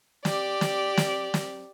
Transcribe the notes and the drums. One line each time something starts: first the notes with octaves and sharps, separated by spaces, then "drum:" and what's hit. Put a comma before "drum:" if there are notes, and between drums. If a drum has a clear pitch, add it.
G4 D5, drum: snare
drum: snare
drum: snare
drum: snare